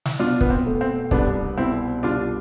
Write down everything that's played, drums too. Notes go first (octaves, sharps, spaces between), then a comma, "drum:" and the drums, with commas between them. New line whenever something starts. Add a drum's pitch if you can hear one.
drum: snare
B2 D4 F4
B3, drum: kick
C4
A3
C4
C2 B3 D4, drum: kick
B2 C4 E4
C2 D4 F4